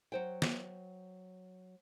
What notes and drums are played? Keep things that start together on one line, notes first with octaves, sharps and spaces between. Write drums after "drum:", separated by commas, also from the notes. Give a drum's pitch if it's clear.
F#3 C5 G5
drum: snare